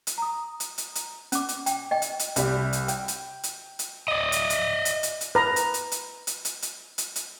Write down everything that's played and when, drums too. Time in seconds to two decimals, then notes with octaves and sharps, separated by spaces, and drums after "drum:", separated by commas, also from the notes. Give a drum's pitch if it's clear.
0.07 drum: hi-hat
0.18 A#5 D#6
0.60 drum: hi-hat
0.78 drum: hi-hat
0.95 drum: hi-hat
1.32 C#4 D6, drum: hi-hat
1.49 drum: hi-hat
1.66 G5, drum: hi-hat
1.91 D#5 G5
2.02 drum: hi-hat
2.19 drum: hi-hat
2.36 C2 G3, drum: hi-hat
2.73 drum: hi-hat
2.88 G5, drum: hi-hat
3.08 drum: hi-hat
3.43 drum: hi-hat
3.79 drum: hi-hat
4.08 D5 D#5
4.32 drum: hi-hat
4.50 drum: hi-hat
4.85 drum: hi-hat
5.03 drum: hi-hat
5.21 drum: hi-hat
5.35 B4 A#5
5.56 drum: hi-hat
5.74 drum: hi-hat
5.92 drum: hi-hat
6.27 drum: hi-hat
6.45 drum: hi-hat
6.62 drum: hi-hat
6.98 drum: hi-hat
7.16 drum: hi-hat